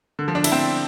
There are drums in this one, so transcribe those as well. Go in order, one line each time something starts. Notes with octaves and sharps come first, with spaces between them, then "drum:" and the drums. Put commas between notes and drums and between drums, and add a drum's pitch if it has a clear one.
D3
F3
D4
E4, drum: cymbal
C4